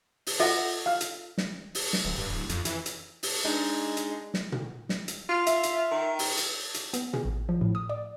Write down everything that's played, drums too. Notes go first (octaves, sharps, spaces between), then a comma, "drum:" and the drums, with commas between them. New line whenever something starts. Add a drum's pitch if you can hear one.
drum: open hi-hat
F4 A4 D#5 E5 F#5
F5 F6
drum: hi-hat
drum: snare
drum: open hi-hat
drum: snare
D1
G2
D1
F2, drum: hi-hat
E3, drum: hi-hat
drum: hi-hat
drum: open hi-hat
G#3 D4 D#4 D5
drum: hi-hat
drum: snare
drum: tom A#2
drum: snare
drum: hi-hat
F4
E5, drum: hi-hat
drum: hi-hat
D#3
drum: open hi-hat
drum: hi-hat
drum: hi-hat
B3, drum: hi-hat
G#4, drum: tom A#2
A1
F3
A2
D#6
D5